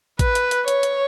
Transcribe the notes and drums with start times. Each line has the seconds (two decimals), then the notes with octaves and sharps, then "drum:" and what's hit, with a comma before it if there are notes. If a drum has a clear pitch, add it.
0.19 B4, drum: kick A1, hi-hat
0.35 drum: hi-hat
0.51 drum: hi-hat
0.68 C#5, drum: hi-hat
0.83 drum: hi-hat